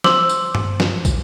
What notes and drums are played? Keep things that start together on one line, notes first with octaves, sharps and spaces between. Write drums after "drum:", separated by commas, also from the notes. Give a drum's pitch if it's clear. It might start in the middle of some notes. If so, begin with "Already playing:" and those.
C5 C6 D6 E6 F#7, drum: snare
drum: tambourine
drum: tom G2
drum: snare
drum: kick, tambourine